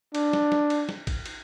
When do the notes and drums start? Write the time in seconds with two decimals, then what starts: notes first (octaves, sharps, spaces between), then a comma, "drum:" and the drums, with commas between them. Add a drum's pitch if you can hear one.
0.15 D4, drum: cymbal
0.33 drum: snare
0.52 drum: snare
0.70 drum: cymbal
0.89 drum: snare
1.07 drum: kick A1, cymbal
1.26 drum: cymbal